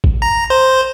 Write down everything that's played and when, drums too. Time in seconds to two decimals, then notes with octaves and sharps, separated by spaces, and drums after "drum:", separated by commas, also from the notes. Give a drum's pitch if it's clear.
0.04 drum: kick G#1
0.22 A#5
0.50 C5